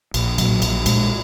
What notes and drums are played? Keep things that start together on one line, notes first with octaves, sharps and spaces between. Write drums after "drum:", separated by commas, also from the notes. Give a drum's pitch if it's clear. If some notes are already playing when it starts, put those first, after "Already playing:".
A#1, drum: cymbal
A#2 F#3, drum: cymbal
A#1, drum: cymbal
A#2 G#3, drum: cymbal